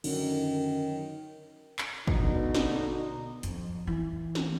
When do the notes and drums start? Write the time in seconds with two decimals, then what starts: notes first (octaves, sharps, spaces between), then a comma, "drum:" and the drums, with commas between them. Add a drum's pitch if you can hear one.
0.04 F#2 D3 D#3 F#3 D#4, drum: cymbal
1.79 drum: clap
2.07 B2 D3 D#4, drum: kick
2.55 drum: snare
3.43 F2, drum: hi-hat
3.87 E3
4.35 drum: snare